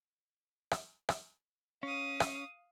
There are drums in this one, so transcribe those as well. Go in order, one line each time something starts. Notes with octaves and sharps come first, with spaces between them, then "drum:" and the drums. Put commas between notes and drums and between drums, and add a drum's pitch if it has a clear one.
drum: rim click
drum: rim click
C#4 F5 D#6
drum: rim click